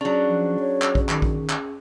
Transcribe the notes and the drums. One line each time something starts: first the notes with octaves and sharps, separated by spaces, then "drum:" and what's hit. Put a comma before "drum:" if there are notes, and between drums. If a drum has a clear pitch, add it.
F#3 C#4 D4 G#4
F3
C#5
drum: clap
drum: kick A#1
D#3, drum: clap
drum: kick A#1
drum: clap